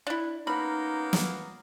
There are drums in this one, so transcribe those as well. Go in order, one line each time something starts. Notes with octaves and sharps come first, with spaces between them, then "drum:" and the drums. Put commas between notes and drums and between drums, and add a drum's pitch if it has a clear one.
D4 E4
A#3 B3 C#4 D#4 B5
drum: snare